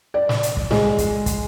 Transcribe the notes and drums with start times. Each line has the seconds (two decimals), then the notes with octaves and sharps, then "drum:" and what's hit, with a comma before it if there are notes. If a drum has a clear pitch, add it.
0.14 D5
0.29 drum: snare
0.43 drum: hi-hat
0.57 drum: kick
0.71 G#3, drum: snare
0.98 drum: kick, hi-hat
1.26 drum: kick, hi-hat